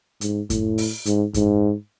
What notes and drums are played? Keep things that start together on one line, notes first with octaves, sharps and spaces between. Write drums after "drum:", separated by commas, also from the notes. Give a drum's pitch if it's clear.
G#2, drum: hi-hat
A2, drum: kick F#2, hi-hat
drum: open hi-hat
G#2, drum: hi-hat
G#2, drum: kick F#2, hi-hat